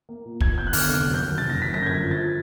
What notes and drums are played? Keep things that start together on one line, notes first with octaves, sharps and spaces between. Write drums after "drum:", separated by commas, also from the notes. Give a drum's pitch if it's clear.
A#3
A#2
D#2 G#6, drum: kick
B3 G6
F#6
D3 F6, drum: open hi-hat
F1 F#6
F#3
G6
D#2
F#1 A6
A#6
F#1
B6
F#2 A#6
G6
G1 G#6
F3
A6